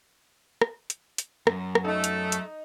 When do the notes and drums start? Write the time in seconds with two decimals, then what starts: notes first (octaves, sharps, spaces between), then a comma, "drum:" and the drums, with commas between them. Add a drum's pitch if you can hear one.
0.62 drum: rim click
0.90 drum: hi-hat
1.18 drum: hi-hat
1.47 F#2, drum: rim click
1.75 drum: rim click
1.85 A3 D#4 A4
2.04 drum: hi-hat
2.32 drum: hi-hat